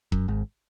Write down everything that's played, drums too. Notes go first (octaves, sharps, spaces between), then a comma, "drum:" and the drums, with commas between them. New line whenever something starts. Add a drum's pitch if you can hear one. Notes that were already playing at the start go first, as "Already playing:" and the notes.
F#2, drum: kick E1
G#1 G#2